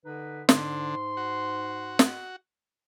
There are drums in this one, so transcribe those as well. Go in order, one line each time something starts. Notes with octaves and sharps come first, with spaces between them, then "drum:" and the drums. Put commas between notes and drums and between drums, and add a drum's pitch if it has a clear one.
D3 D#4 B4
G#2 D3 C6, drum: snare
F#4
drum: snare